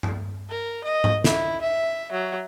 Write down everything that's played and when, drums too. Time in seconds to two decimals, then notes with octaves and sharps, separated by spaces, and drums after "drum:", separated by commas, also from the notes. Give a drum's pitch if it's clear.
0.03 drum: tom G2
0.50 A#4
0.84 D#5
1.04 drum: tom G#2
1.24 E4, drum: snare
1.62 E5
2.12 F#3